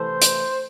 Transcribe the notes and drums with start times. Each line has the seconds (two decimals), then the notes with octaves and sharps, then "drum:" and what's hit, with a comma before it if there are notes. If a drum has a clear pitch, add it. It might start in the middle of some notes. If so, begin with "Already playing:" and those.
Already playing: C3 E3 A3 C5
0.22 drum: hi-hat